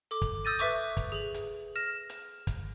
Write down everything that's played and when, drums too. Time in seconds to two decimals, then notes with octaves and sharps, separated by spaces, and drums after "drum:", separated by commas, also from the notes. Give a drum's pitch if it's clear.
0.11 A4 D6
0.22 drum: kick, hi-hat
0.45 D#6 E6 G6 A6 A#6 D#7
0.59 B4 E5 C#6 D6, drum: hi-hat
0.97 drum: kick, hi-hat
1.12 G#4 F#7
1.34 drum: hi-hat
1.76 F6 A#6 E7
2.09 drum: hi-hat
2.47 drum: kick, hi-hat